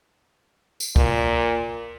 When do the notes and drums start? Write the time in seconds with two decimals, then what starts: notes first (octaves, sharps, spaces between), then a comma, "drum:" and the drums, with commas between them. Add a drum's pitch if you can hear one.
0.80 drum: tambourine
0.96 A#2, drum: kick